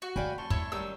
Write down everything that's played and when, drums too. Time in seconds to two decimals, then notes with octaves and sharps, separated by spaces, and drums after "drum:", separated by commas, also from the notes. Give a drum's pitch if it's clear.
0.02 F#4
0.16 A3 D5 F5 G5 G#5 B5
0.38 F2 A5 C6 C#6
0.50 E4 C#5, drum: kick
0.72 F#2 D#3 G3 E6